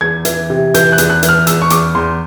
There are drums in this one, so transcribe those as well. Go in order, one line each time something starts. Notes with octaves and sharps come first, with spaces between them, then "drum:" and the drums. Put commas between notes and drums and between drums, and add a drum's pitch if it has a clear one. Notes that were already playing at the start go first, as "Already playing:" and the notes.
E2 G#6
E3, drum: hi-hat
C3
E3 G6, drum: hi-hat
F#6
E2, drum: hi-hat
F#6
E3, drum: hi-hat
F6
E2 E6, drum: hi-hat
C#6
E2 D6, drum: hi-hat
E2 C6